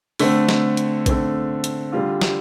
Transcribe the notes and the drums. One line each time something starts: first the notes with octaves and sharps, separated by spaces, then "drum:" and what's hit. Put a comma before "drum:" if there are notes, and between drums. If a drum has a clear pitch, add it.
D3 A3 C4, drum: open hi-hat
drum: snare
drum: hi-hat
D3 A3 C4, drum: kick A#1, hi-hat
drum: hi-hat
D3 G3 F4
drum: snare